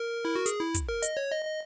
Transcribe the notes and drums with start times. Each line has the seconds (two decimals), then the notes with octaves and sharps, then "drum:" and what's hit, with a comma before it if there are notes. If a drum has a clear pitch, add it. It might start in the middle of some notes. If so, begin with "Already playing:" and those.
Already playing: A#4
0.25 E4
0.36 F#4
0.46 G#4, drum: hi-hat
0.61 E4
0.74 drum: kick, hi-hat
0.89 A#4
1.02 D#5, drum: hi-hat
1.17 C#5
1.31 D#5
1.45 D#5